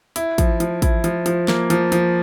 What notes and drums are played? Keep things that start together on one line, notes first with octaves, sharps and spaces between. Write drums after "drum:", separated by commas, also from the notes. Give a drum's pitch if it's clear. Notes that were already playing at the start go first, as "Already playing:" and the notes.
E4, drum: hi-hat
F3, drum: kick, hi-hat
F3, drum: hi-hat
E4, drum: kick, hi-hat
F3, drum: hi-hat
F3, drum: hi-hat
A#3, drum: snare
F3, drum: hi-hat
F3, drum: hi-hat